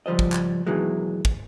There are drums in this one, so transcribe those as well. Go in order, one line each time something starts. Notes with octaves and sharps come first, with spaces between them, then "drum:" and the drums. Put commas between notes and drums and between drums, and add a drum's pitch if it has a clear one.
C#2 F3 G3 C5 D#5
drum: kick
drum: clap
D#2 B2 D#3 E3 F#3 G#3
drum: kick